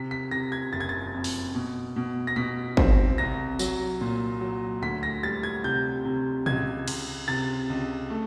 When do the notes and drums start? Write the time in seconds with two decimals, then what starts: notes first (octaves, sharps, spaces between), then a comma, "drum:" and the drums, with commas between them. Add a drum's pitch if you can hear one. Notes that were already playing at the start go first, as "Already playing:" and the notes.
Already playing: C3 B6
0.11 B6
0.31 C3 A#6
0.52 G#6
0.73 F#1 A6
0.80 G#6
0.89 A6
1.14 F2
1.24 drum: open hi-hat
1.55 B2
1.96 B2
2.27 A#6
2.36 B2 B6
2.77 C4, drum: kick G#1
3.18 C2 A#6
3.59 F#3, drum: tambourine
4.01 A#2
4.41 F#3
4.82 D2 B6
5.03 A#6
5.23 G3 A6
5.43 G#6
5.64 C3 G6
6.05 C3
6.46 C#2 G#6, drum: tom A#2
6.88 C#2, drum: cymbal
7.28 C3 A6
7.70 C#2
8.10 A3